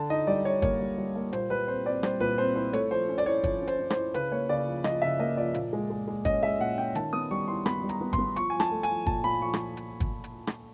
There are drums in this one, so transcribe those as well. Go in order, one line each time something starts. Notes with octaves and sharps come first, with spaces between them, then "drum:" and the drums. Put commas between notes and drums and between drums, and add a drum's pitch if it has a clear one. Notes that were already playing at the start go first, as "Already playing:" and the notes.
Already playing: D3 A5
D#4 D#5
G3 D5
D#4 C#5
A#3 C#5, drum: kick G1, hi-hat
G3
G3
A#3
A#2 C5, drum: hi-hat
G3 B4
C4 C5
C4 D5
G3 C5, drum: rim click
A#2 B4
C4 C5
E4 C5
A3 C#5, drum: hi-hat
F3 C5
C#4
D5, drum: hi-hat
E4 C#5
F3 C#5, drum: kick G1, hi-hat
C#4
C5, drum: hi-hat
C#4
C5, drum: rim click
E4
C#3 B4, drum: hi-hat
A#3 C#5
C#3 D5
F3
F3 D#5, drum: rim click
C#3 E5
A#3 D#5
F3 D5
A#2, drum: hi-hat
G#3
G#3
G#3
C#4 D#5, drum: kick G1, hi-hat
G#3 E5
A#2 F#5
C#4 G5
D#3 A5, drum: hi-hat
B3 D#6
G3 C#6
E4 C6
B3 B5, drum: rim click
G3
A#5, drum: hi-hat
B3
C6, drum: kick G1, hi-hat
B3
F3 C#6, drum: hi-hat
F3 G#5
A5, drum: rim click
A3
G#5, drum: hi-hat
F3
A#2 A5, drum: kick G1
A#2 B5
F3 C#6
drum: rim click
drum: hi-hat
drum: kick G1, hi-hat
drum: hi-hat
drum: rim click